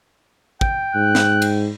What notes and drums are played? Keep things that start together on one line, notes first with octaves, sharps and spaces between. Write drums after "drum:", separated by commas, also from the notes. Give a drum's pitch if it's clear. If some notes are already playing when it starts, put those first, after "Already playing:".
G5, drum: kick
G#2 F#6
drum: snare
drum: cymbal